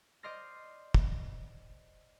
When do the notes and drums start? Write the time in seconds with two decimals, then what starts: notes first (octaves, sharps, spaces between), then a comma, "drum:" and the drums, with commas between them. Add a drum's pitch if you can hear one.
0.23 C5 D5 D#5 C6 F6 A#6
0.94 drum: kick